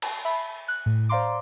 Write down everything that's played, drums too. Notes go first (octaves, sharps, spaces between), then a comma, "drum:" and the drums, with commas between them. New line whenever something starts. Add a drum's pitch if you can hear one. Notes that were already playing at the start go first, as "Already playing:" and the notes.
drum: cymbal
E5 B5
F#6
A2
C5 D5 F5 A#5 C6 D6